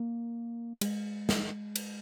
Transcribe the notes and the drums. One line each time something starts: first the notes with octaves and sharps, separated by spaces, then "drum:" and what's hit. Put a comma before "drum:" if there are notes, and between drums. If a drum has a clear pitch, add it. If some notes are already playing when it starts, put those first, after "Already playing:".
Already playing: A#3
G#3, drum: cymbal
drum: snare
drum: cymbal